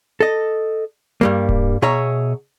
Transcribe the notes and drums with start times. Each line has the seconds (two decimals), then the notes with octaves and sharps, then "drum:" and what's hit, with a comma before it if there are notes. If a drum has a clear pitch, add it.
0.20 A4 D#5
1.21 G2 G3 A#3
1.49 drum: kick D1
1.82 B2 G#4 C#5 E5 A#5